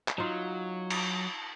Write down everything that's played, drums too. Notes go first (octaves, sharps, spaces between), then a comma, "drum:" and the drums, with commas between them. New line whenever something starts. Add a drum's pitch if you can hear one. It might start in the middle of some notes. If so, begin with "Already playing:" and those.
drum: clap
F#3 D#4 F4
drum: cymbal